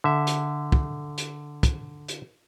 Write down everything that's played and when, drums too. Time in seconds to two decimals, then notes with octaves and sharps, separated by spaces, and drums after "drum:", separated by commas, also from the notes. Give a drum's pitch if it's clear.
0.04 D3 E5
0.27 drum: hi-hat
0.72 drum: kick
1.18 drum: hi-hat
1.63 drum: kick, hi-hat
2.09 drum: hi-hat